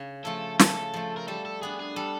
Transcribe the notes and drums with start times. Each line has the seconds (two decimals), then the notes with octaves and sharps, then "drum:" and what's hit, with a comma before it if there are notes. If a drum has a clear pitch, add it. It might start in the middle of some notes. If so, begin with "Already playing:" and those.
Already playing: C#3
0.25 F3 A3 A4
0.59 C#3 A4, drum: snare
0.94 F3 A3
1.17 A#4
1.28 G3 A4
1.45 A4
1.62 B3 D4 G#4
1.80 G#4
1.96 G3 A4